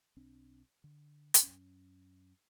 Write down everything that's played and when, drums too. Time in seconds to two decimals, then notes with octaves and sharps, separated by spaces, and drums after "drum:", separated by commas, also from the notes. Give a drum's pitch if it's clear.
0.17 B1 C4 D4
0.84 D3
1.34 drum: hi-hat
1.43 F#2 C#4